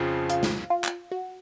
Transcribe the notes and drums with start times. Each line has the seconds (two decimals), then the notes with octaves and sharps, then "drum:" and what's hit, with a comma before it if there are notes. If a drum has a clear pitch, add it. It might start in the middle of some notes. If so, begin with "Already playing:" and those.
Already playing: F2 C#3 F3
0.30 F4, drum: hi-hat
0.43 drum: snare
0.70 F4
0.84 drum: clap
1.12 F#4